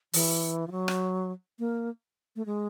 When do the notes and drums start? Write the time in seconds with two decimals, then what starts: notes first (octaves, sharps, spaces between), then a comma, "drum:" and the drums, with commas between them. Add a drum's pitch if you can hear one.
0.13 E3, drum: open hi-hat
0.67 F3
0.71 F#3
0.88 drum: rim click
1.59 A#3
2.36 A3
2.46 G#3